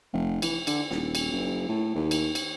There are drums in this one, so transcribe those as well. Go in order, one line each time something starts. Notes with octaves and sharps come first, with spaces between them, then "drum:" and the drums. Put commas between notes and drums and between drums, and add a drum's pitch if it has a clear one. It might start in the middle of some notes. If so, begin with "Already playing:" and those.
F1
E3, drum: cymbal
D3, drum: cymbal
D#1, drum: snare
drum: cymbal
F#1
A2
D#2
drum: cymbal
drum: cymbal